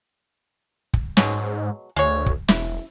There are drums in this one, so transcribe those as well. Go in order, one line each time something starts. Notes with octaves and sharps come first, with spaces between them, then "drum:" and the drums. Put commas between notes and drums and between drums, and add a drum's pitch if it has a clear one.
drum: kick
G#2 B2 F#3 G#3, drum: snare
D2 G#3 C#5
drum: kick
E1 E4, drum: snare